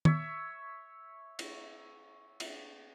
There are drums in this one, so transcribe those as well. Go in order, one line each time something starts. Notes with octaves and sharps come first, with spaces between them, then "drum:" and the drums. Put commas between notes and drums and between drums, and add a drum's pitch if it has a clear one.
C#5 E5, drum: tom
drum: cymbal
drum: cymbal